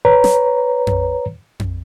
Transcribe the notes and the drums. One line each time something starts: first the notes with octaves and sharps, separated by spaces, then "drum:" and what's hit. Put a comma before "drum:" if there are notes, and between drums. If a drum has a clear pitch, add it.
B4 C#5 A#5
drum: snare
drum: tom F2
drum: tom F2